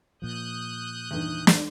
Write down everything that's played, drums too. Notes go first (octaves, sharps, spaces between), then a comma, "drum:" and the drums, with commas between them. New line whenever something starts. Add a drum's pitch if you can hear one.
A#2 F3 D#6 F#6 G6
E2 G2 D#3
drum: snare